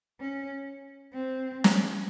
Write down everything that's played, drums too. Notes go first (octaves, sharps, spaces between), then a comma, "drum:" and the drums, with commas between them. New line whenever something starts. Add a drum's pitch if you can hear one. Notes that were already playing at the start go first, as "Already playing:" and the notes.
C#4
C4
drum: snare